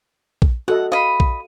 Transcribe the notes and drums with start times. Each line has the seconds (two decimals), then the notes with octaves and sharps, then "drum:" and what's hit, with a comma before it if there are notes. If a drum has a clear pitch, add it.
0.42 drum: kick A#1
0.68 F#4 A4 D#5 F#5
0.92 D#5 F5 B5
1.20 drum: kick A#1